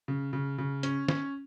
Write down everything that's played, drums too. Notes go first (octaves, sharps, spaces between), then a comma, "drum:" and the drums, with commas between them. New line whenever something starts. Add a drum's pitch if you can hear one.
C#3
C#3
C#3
C#4, drum: hi-hat
C#4, drum: snare